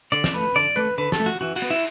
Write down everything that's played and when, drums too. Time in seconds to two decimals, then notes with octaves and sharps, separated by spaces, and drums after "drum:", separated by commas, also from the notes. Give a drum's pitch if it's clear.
0.12 D3 D5
0.24 drum: snare
0.34 A3 B4
0.56 D3 D5
0.76 A3 B4
0.98 D3 B4
1.12 A4, drum: snare
1.20 A3
1.26 F#4
1.41 E3 F#4
1.56 F#4, drum: cymbal
1.62 B3
1.70 E4